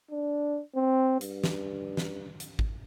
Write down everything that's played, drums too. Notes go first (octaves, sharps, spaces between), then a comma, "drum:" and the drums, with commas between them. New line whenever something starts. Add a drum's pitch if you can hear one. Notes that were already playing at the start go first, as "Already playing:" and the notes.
D4
C4
G2, drum: hi-hat
drum: snare
drum: snare
drum: hi-hat
drum: kick G#1